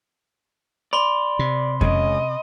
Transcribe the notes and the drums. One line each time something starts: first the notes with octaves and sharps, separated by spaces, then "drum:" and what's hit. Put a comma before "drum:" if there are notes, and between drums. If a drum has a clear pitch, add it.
D5 B5 C6 G7
C3
C#3 G#3 C#4 D#5, drum: kick F2